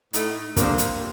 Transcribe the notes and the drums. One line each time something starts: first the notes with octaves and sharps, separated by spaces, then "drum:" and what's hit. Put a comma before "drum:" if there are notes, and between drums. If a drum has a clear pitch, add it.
A2 A3 D#4, drum: hi-hat
G2 D3 F3 A#3 C4, drum: kick, hi-hat
drum: hi-hat